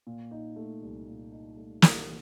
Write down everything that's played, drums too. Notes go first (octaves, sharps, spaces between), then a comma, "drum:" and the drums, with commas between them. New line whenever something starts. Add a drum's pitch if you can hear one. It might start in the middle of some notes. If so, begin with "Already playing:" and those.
A#2
D#4
A3
C2
A#2
D#4
A3
C2, drum: snare